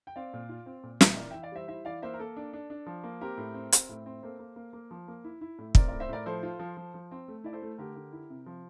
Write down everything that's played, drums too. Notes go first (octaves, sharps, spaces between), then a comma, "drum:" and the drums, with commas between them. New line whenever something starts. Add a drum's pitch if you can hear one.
G5
C4 D5 F5
A#2
F4
C4
A#2
A#2, drum: snare
E5
E3 A#4 D5
E3 E5 G5
D5 F5
G3 C5 E5
E4 C5 E5
E3 D5 F5
A#3 C5 E5
A#4
A#3 A4
D4
D4
D4
F3
A#3
C4 G4 A#4
A2
C4
C4, drum: hi-hat
A2
C4
A#3 A4 C5
A#3
A#3
A#3
F3
A#3
E4
E4
A2
C4 A#4 D5, drum: kick
A2 A#4 D5
C5 E5
A2 A#4 D5
F3 A4 C5
F4
F3
F3
F3
C4
A3
E4 D5
A4 C5
A3
D3 G4 A#4
D3
E4
C3
F3